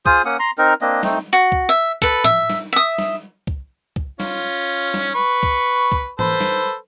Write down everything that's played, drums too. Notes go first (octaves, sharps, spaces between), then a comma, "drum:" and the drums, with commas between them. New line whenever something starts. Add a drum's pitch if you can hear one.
F4 G#4 C5 D#6, drum: kick C#2
A#3 C#4 F#5 D#6
A#5 C6
C4 D#4 A#4
A#3 C4 D4 D#5
A3 C4 D#4, drum: snare
F#4
drum: kick C#2
E5
A4 B4, drum: kick C#2
E5, drum: tom A2
drum: snare
E5 D#6
drum: snare
drum: kick C#2
drum: kick C#2
C#4 F4, drum: snare
drum: snare
B4 C#6
drum: kick C#2
drum: kick C#2
A4 B4 C5, drum: tom
drum: snare